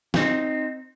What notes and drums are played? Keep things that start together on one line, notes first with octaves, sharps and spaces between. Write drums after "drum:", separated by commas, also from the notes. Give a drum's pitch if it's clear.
C4 D#4, drum: snare